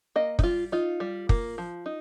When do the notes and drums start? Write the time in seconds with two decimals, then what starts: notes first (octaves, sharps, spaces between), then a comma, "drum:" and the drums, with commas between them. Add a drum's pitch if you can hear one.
0.16 A#3 D#5
0.39 D#4, drum: kick
0.43 G3 F4
0.72 D#4 F4
1.00 G3
1.29 A#3, drum: kick
1.58 F3
1.86 D#4